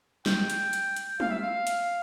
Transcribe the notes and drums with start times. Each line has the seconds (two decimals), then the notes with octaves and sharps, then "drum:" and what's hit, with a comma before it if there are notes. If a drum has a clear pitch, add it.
0.26 G5, drum: snare
0.50 drum: hi-hat
0.73 drum: hi-hat
0.96 drum: hi-hat
1.20 F5, drum: tom
1.30 E5
1.40 F5
1.67 drum: hi-hat